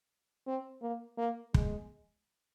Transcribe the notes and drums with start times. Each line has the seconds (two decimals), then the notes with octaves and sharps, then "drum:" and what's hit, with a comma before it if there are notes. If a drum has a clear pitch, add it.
0.47 C4
0.82 A#3
1.18 A#3
1.54 G#3, drum: kick